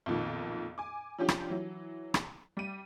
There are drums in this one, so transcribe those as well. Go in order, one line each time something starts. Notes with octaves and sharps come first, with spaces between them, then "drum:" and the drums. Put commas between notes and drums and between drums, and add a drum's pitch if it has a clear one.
B1 F2 A#2 D#3
G#5 D6
F3 C#4 D4 F4 G4
drum: rim click
E3 F#3
drum: rim click
G3 D#7